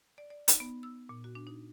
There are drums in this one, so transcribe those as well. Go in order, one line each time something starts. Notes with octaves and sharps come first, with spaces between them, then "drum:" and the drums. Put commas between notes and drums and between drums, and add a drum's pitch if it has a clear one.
D5
D5
D#4, drum: hi-hat
B3
E6
A#2
F#4
D4
D#4